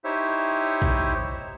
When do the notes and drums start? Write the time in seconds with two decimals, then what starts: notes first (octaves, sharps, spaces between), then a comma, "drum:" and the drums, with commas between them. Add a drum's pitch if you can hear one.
0.04 D#4 E4 G4 C5 C#5 E5
0.82 drum: kick A#1